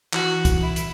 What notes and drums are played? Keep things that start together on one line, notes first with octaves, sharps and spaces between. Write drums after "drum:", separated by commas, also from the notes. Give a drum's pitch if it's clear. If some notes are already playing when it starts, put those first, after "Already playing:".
E3 F#4, drum: clap
drum: kick, hi-hat
E4
drum: hi-hat